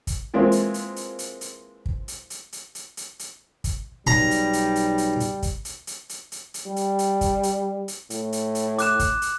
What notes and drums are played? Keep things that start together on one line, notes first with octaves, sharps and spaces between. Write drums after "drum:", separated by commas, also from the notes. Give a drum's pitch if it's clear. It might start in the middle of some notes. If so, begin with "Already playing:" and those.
drum: kick, hi-hat
E3 G#3 A#3 C4 E4 F4
drum: hi-hat
drum: hi-hat
drum: hi-hat
drum: hi-hat
drum: hi-hat
drum: kick
drum: hi-hat
drum: hi-hat
drum: hi-hat
drum: hi-hat
drum: hi-hat
drum: hi-hat
drum: kick, hi-hat
B1 G3 A#5
drum: hi-hat
drum: hi-hat
drum: hi-hat
drum: hi-hat
drum: hi-hat
drum: kick, hi-hat
drum: hi-hat
drum: hi-hat
drum: hi-hat
drum: hi-hat
drum: hi-hat
G3
drum: hi-hat
drum: hi-hat
drum: kick, hi-hat
drum: hi-hat
drum: hi-hat
A2, drum: hi-hat
drum: hi-hat
drum: hi-hat
D6 F#6 E7, drum: hi-hat
drum: kick, hi-hat
drum: hi-hat